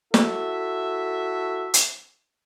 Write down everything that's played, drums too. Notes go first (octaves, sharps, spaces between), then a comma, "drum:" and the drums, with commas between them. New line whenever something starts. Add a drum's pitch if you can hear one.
E4 F#4 A4 E5, drum: snare
drum: hi-hat